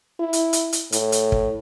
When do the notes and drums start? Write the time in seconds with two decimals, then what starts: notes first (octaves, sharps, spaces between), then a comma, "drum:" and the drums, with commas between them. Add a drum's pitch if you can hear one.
0.20 E4
0.33 drum: hi-hat
0.53 drum: hi-hat
0.73 drum: hi-hat
0.92 A2, drum: hi-hat
1.12 drum: hi-hat
1.32 drum: kick